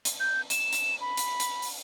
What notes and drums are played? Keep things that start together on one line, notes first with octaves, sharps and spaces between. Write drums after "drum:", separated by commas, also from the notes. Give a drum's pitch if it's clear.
drum: hi-hat
G6
E7, drum: hi-hat
drum: hi-hat
B5
drum: hi-hat
drum: hi-hat
drum: open hi-hat